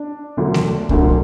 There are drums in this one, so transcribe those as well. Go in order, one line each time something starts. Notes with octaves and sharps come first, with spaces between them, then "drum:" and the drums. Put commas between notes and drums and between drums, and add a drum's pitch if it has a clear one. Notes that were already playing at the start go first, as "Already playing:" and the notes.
Already playing: D4
E1 D2 D3 F#3
drum: snare A3
E1 D2 D3 F#3, drum: kick C2